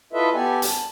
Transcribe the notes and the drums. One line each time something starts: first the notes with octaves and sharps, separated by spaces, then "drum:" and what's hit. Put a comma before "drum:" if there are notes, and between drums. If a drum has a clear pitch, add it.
E4 F4 A4 B4 D#5 E5
B3 G4 A4 D5 G#5
A5, drum: hi-hat